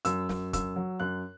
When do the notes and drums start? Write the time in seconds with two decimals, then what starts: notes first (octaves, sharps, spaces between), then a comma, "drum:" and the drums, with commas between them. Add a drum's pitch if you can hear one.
0.05 F#2 E6, drum: hi-hat
0.29 F#2, drum: snare
0.53 F#2 E6, drum: kick, hi-hat
0.76 F#3
1.00 F#2 F#6